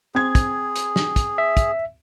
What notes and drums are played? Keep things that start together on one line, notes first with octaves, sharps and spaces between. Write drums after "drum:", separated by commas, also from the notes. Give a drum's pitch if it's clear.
C4 G#4 G#6
drum: kick, hi-hat
drum: hi-hat
drum: snare
drum: kick, hi-hat
E5
drum: kick, hi-hat